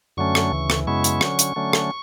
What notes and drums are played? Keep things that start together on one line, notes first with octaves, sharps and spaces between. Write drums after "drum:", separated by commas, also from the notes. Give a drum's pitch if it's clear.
F#2 D3 F#3 A3 C#4 C#6
drum: rim click
D2 C#3 E3
drum: rim click
F#2 C#3 G#3 B3 E4 C#6
drum: hi-hat
D3 F#3 C#4, drum: rim click
drum: hi-hat
D3 F#3 A3 C#4
drum: rim click